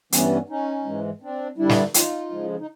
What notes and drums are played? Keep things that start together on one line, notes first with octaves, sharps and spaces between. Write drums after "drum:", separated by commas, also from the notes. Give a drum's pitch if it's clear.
G2 E3 G3 B3 C#4, drum: hi-hat
C#4 D#4
G#2 E3 G#3
C4 D4
G2 D3 G3 D4 E4
drum: snare
D#4 F4, drum: hi-hat
F2 C#3 F3 G#3
D#4